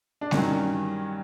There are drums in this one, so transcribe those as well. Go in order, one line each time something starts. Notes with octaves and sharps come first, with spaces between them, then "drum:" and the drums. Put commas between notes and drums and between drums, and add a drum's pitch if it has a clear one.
D4
G2 D#3 F#3 C#4, drum: snare G#3